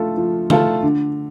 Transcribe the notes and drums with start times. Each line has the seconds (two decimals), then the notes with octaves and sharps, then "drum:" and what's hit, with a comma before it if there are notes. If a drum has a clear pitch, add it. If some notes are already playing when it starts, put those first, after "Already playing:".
Already playing: F3 A3 F4 A4
0.17 F3
0.50 A3 F4 A4, drum: tom D3
0.83 D3